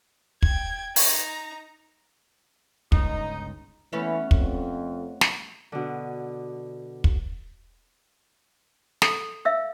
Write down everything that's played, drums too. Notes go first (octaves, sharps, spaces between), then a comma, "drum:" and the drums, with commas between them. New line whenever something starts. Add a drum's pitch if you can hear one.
G5 G#6, drum: kick
D#4 A#5, drum: open hi-hat
G1 C#2 D#4, drum: kick
E3 A3 B3 C#4
F2, drum: kick
drum: snare
B2 D3
drum: kick
A4, drum: snare
E5 F5 E6